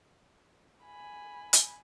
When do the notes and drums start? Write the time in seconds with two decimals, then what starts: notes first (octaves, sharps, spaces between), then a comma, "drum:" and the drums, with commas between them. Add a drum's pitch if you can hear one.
0.85 G#5 B5
1.53 drum: hi-hat